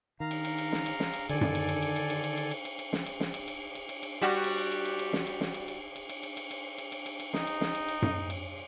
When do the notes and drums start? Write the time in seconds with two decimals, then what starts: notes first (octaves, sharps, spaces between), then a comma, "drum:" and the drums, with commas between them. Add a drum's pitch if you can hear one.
0.20 D#3 F5 A#5
0.31 drum: cymbal
0.45 drum: cymbal
0.58 drum: cymbal
0.72 drum: snare
0.86 drum: cymbal
1.00 drum: snare
1.14 drum: cymbal
1.29 D3 D#3 A4 D5 G#5, drum: cymbal
1.41 drum: tom F#2
1.55 drum: cymbal
1.69 drum: cymbal
1.82 drum: cymbal
1.96 drum: cymbal
2.10 drum: cymbal
2.24 drum: cymbal
2.38 drum: cymbal
2.51 drum: cymbal
2.65 drum: cymbal
2.79 drum: cymbal
2.93 drum: snare
3.06 drum: cymbal
3.20 drum: snare
3.34 drum: cymbal
3.48 drum: cymbal
3.75 drum: cymbal
3.89 drum: cymbal
4.03 drum: cymbal
4.21 G3 F#4
4.44 drum: cymbal
4.58 drum: cymbal
4.72 drum: cymbal
4.85 drum: cymbal
4.99 drum: cymbal
5.13 drum: snare
5.27 drum: cymbal
5.41 drum: snare
5.54 drum: cymbal
5.68 drum: cymbal
5.96 drum: cymbal
6.09 drum: cymbal
6.23 drum: cymbal
6.37 drum: cymbal
6.51 drum: cymbal
6.78 drum: cymbal
6.92 drum: cymbal
7.06 drum: cymbal
7.20 drum: cymbal
7.33 D#4, drum: snare
7.47 drum: cymbal
7.61 drum: snare
7.75 drum: cymbal
7.89 drum: cymbal
8.02 drum: tom F#2
8.30 drum: cymbal